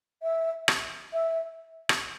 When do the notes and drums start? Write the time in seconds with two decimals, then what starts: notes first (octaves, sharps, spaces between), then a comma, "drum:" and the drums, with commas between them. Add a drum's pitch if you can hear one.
0.23 E5
0.68 drum: rim click
1.13 E5
1.89 drum: rim click